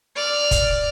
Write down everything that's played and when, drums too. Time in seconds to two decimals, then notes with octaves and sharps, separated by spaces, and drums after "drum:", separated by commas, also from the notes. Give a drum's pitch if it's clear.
0.16 D5 F6
0.51 drum: kick, hi-hat